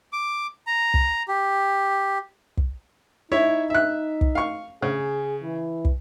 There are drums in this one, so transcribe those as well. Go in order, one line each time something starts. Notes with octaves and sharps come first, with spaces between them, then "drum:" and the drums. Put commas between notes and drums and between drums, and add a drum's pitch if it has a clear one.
D6
A#5
drum: kick
G4
drum: kick
D#4 E4 C#5 E5
E5 F#6
drum: kick
F5 C#6
C#3 G#4
E3
drum: kick